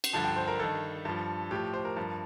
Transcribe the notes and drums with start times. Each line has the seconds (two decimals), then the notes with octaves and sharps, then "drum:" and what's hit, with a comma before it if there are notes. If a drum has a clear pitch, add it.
0.04 drum: cymbal
0.13 G2 D3 F3 A5
0.25 G5
0.36 C5
0.48 A#4
0.59 G2 D#3 A4
1.05 G2 F3
1.51 A2 F3 G4
1.74 C5
1.85 A#4
1.97 G2 F3